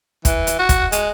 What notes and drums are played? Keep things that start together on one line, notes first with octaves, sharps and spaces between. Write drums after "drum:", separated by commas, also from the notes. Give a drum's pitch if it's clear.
E3, drum: kick, hi-hat
drum: hi-hat
F#4
drum: kick, hi-hat
G#3, drum: hi-hat